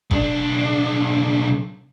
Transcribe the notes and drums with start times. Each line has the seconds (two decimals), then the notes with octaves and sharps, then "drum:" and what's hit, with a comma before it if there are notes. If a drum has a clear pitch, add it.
0.11 B1 D4, drum: kick